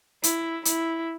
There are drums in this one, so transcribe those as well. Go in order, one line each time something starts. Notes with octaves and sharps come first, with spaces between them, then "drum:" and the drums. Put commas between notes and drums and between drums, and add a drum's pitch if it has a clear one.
E4, drum: hi-hat
E4, drum: hi-hat